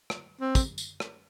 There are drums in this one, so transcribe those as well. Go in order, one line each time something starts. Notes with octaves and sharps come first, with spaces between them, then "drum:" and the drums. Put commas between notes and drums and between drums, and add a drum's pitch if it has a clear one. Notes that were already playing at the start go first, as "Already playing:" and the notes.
drum: rim click
C4
drum: kick, tambourine
drum: tambourine
drum: rim click